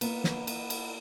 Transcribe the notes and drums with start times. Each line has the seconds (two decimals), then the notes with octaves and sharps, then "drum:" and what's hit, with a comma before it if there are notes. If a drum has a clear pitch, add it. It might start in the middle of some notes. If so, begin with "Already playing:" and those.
0.01 A#3 B3, drum: cymbal
0.24 drum: snare
0.47 B3, drum: cymbal
0.70 drum: cymbal